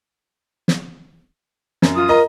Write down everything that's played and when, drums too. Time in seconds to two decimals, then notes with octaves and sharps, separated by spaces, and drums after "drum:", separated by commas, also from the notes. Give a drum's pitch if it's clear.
0.68 drum: snare
1.82 F#2, drum: snare
1.95 F4 D#6
2.09 A#4 D#5 A#5